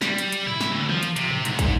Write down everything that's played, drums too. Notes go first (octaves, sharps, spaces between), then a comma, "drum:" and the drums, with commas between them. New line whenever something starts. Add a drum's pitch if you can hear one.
G3, drum: snare
drum: hi-hat
drum: hi-hat
E4, drum: tom G#2
drum: snare
D2
F3, drum: tom D3
drum: hi-hat
C3, drum: hi-hat
drum: tom G#2
G#2, drum: hi-hat
drum: kick, hi-hat